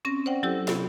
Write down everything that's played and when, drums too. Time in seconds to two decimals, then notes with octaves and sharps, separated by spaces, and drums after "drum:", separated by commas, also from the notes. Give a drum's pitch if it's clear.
0.05 C4 C#4 A#6
0.26 C5 D5 F#5 G5
0.43 F#3 E4 G4 A4 E6
0.68 C3 F#3 B3, drum: snare